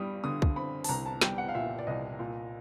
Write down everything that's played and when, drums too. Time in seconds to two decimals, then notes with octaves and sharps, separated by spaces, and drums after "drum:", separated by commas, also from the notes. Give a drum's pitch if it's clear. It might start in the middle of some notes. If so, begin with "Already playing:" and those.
Already playing: G2 G3 D#6
0.24 D3 D#6
0.42 drum: kick
0.56 C4 B5
0.84 A5, drum: open hi-hat
0.89 C2 A#5
1.06 A5
1.21 G3 G5, drum: snare
1.38 F#5
1.48 F5
1.54 A#2 E5
1.79 D5
1.87 C2 D#5
2.19 A#2